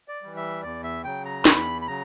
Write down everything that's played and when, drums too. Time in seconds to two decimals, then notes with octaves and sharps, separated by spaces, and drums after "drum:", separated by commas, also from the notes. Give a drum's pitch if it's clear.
0.08 D5
0.23 E3 G3
0.37 E5
0.63 E2 D5
0.84 E5
1.04 C#3 F#3 G5
1.25 A#5
1.45 E2 B5, drum: snare
1.82 B5
1.87 C#3 F#3 A#5